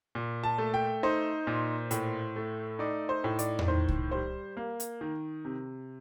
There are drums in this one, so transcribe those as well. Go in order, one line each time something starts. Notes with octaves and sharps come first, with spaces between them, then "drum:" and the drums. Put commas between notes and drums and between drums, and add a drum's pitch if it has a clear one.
A#2
A5
A3
G5
D#4 C5
A#2
A2, drum: hi-hat
A3
D#4 D5
C5
A2
D5, drum: hi-hat
drum: tom E2
D#3 C5
drum: kick C2
G3 C5
A#3
drum: hi-hat
D#3
C3